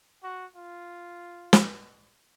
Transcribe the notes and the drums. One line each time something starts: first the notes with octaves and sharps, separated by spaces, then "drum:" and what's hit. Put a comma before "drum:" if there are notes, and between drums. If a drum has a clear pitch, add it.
F#4
F4
drum: snare